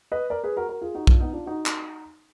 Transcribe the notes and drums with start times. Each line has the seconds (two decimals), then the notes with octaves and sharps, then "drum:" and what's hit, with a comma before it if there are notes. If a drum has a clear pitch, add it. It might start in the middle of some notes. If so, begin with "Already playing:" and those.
0.12 B4 D#5
0.30 A#4 D5
0.44 G#4 B4
0.56 F#4 A#4
0.69 F#4 A#4
0.82 F4 G#4
0.94 D#4 F#4
1.07 D4 F4, drum: kick B1
1.20 B3 D#4
1.33 D4 F4
1.46 D#4 F#4
1.66 drum: clap